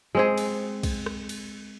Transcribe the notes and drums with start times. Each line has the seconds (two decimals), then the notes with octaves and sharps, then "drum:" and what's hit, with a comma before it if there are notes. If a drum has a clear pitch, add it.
0.15 G#3 C4 G#4
0.38 drum: cymbal
0.83 drum: kick, cymbal
1.06 drum: rim click
1.29 drum: cymbal